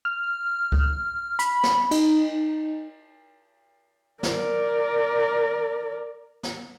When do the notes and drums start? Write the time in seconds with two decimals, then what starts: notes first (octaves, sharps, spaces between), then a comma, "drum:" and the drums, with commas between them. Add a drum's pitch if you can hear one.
0.05 F6
0.72 drum: kick C#2
1.39 B5, drum: hi-hat
1.63 drum: snare
1.91 D#4, drum: cymbal
4.23 A#4 D5, drum: snare
6.43 drum: snare